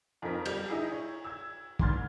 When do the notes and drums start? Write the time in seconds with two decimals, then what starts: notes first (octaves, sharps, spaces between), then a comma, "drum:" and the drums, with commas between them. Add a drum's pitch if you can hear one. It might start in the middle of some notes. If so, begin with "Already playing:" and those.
0.22 F2 C4 D#4 A#4 B6
0.45 G1 G3 G6 F7, drum: cymbal
0.68 D#4 E4 G#4
0.92 C#5
1.24 E6 G#6
1.79 F1 G#2 C6 F6 G#6 A6, drum: kick